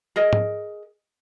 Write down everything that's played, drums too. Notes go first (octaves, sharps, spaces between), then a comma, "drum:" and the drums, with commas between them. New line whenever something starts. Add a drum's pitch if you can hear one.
G#4 A#4 D#5
drum: tom